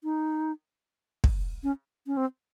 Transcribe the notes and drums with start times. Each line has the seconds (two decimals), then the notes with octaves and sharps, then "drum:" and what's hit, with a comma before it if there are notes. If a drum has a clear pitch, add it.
0.04 D#4
1.24 drum: kick
1.63 C#4
2.07 C#4
2.17 C4